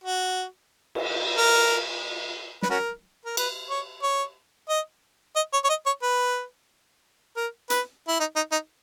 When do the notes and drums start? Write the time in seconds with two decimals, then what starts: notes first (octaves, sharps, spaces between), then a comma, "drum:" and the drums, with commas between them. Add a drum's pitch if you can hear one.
0.04 F#4
0.95 drum: cymbal
1.37 A#4
2.62 B4, drum: snare
2.70 C#4 F#4 A#4
3.25 A#4
3.37 B4, drum: cymbal
3.70 C#5
4.03 C#5
4.69 D#5
5.36 D#5
5.53 C#5
5.64 C#5
5.69 D#5
5.86 C#5
6.03 B4
7.37 A#4
7.70 B4, drum: hi-hat
8.08 E4
8.20 D#4
8.36 D#4
8.52 D#4